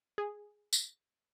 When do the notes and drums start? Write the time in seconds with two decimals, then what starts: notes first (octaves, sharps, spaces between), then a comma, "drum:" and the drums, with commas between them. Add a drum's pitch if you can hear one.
0.18 G#4
0.73 drum: tambourine